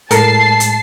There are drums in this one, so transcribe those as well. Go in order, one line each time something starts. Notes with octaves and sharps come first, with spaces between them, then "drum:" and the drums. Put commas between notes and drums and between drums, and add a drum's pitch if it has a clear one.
A2 G#3 A4 A#4 A5 C7, drum: hi-hat
drum: hi-hat